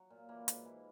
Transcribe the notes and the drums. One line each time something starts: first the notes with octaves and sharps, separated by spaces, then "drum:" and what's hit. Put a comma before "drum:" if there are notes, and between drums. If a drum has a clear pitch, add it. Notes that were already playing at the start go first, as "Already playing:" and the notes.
Already playing: F#3
A#2
E3 A#3
G#2, drum: hi-hat
E3